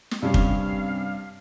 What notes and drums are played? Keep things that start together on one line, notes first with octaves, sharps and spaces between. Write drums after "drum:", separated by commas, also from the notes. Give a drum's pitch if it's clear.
drum: snare
G2 C3 C#4 F5
drum: kick